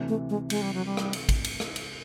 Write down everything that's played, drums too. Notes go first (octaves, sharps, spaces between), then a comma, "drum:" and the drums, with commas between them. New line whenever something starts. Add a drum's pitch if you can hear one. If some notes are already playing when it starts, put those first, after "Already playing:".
Already playing: D2 C3 E3
A3
G#3
G#3, drum: cymbal
G3
F#3
G3
drum: rim click
drum: cymbal
drum: kick, cymbal
drum: cymbal
drum: rim click
drum: cymbal